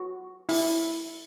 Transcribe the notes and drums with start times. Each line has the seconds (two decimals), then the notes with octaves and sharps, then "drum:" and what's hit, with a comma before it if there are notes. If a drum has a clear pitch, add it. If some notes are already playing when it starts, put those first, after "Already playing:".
Already playing: F#4
0.49 E4, drum: open hi-hat